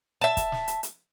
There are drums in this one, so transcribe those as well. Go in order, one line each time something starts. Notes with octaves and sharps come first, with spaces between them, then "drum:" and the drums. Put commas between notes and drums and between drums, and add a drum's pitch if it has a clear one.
E5 A5
drum: kick, hi-hat
drum: snare
drum: hi-hat
drum: hi-hat